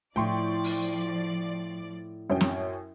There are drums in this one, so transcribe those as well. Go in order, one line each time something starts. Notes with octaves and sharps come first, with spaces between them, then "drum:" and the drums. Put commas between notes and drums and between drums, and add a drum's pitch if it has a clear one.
A2 F3 D5 G5 C6 C#6
drum: open hi-hat
F#2 C#4 G5
drum: snare